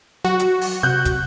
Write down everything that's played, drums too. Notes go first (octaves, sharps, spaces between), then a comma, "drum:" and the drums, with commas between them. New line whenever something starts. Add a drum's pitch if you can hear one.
F#3 F#4
drum: hi-hat
drum: open hi-hat
C3 F#6 G6
drum: kick, hi-hat